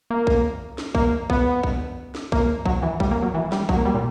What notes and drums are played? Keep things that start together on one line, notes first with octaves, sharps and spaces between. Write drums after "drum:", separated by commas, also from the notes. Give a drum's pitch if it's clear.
A#3
drum: kick B1
drum: snare
A#3, drum: kick B1
B3, drum: kick B1
drum: kick B1
drum: snare
A#3, drum: kick B1
F#3, drum: kick B1
E3
G3, drum: kick B1
A#3
F#3
E3
G3, drum: snare
F#3, drum: kick B1
A#3
G3
A#2